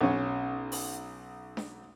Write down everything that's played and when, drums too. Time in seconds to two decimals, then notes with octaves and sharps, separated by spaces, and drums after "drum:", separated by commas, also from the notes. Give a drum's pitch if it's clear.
0.01 B1 C#4
0.72 drum: open hi-hat
1.57 drum: snare D4